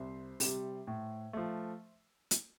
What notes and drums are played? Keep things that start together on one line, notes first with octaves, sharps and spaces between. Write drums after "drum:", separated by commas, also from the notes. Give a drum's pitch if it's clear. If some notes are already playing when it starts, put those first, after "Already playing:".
Already playing: C2 C5 E5
C3 G3, drum: open hi-hat
A2
F3 A3
drum: hi-hat